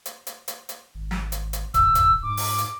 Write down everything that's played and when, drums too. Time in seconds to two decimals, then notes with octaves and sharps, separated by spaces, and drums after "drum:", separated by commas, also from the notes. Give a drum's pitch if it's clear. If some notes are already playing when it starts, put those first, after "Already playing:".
0.05 drum: hi-hat
0.27 drum: hi-hat
0.48 drum: hi-hat
0.69 drum: hi-hat
0.95 G#1
1.11 drum: snare
1.32 drum: hi-hat
1.53 drum: hi-hat
1.74 G1 E6, drum: kick, hi-hat
1.95 drum: kick, hi-hat
2.23 G#2 D6
2.37 drum: open hi-hat
2.58 drum: hi-hat